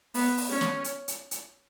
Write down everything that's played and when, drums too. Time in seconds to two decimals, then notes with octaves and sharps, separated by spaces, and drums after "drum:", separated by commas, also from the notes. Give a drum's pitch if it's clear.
0.14 B3, drum: open hi-hat
0.37 drum: open hi-hat
0.49 C#4
0.61 drum: snare
0.84 drum: hi-hat
1.08 drum: hi-hat
1.31 drum: hi-hat